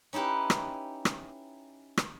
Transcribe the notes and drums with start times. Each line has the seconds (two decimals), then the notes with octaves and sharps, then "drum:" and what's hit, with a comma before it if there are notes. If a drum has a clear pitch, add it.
0.13 C#4 D#4 E4 G4 B4
0.50 drum: rim click
1.05 drum: rim click
1.97 drum: rim click